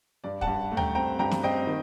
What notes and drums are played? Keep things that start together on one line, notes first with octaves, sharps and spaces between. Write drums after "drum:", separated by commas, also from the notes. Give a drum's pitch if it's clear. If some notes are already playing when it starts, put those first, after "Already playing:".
G2 D5
F#5 A5, drum: kick
G2
A3
G5 A#5, drum: tom D2
C4 G5 A#5
G2 G5 A#5
drum: snare
C4 D#5 G5
D#3